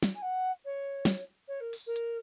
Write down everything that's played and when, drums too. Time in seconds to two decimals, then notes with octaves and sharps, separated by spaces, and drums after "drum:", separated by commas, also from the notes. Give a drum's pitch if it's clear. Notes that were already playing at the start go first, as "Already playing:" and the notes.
0.03 drum: snare
0.15 G#5
0.22 F#5
0.64 C#5
1.05 drum: snare
1.47 C#5
1.60 A#4
1.73 drum: open hi-hat
1.86 A#4
1.96 drum: hi-hat